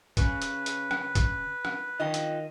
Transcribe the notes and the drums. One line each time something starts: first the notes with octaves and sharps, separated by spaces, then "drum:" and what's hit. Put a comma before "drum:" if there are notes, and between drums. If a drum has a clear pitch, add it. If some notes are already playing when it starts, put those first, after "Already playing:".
C#3 C#4 B4, drum: kick, hi-hat
drum: hi-hat
drum: hi-hat
drum: rim click
drum: kick, hi-hat
drum: rim click
D#3 F4 D#5 G5
drum: hi-hat